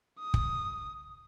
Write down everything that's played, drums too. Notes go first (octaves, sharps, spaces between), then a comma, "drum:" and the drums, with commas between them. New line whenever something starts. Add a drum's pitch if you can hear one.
D#6
drum: kick